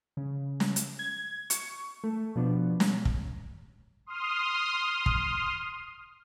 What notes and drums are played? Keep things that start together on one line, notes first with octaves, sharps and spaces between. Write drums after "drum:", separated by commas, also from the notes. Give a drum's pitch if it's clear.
C#3
drum: snare
drum: hi-hat
G#6
C#6, drum: hi-hat
A3
B2 F3 B3 D4
drum: snare
drum: kick
C6 D#6 F6
drum: kick